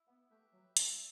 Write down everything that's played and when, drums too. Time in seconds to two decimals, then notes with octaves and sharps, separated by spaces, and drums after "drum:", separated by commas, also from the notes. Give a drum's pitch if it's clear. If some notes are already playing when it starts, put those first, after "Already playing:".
Already playing: E4
0.08 B3
0.30 A3 G4 B4 E5
0.53 F#3
0.77 G3 E4, drum: hi-hat